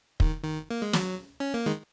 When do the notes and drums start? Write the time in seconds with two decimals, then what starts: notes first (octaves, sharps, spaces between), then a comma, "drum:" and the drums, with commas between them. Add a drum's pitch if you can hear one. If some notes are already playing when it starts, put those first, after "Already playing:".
0.20 D#3, drum: kick
0.43 D#3
0.71 A#3
0.82 G#3
0.93 F#3, drum: snare
1.40 C#4
1.54 A#3
1.66 D#3 G#3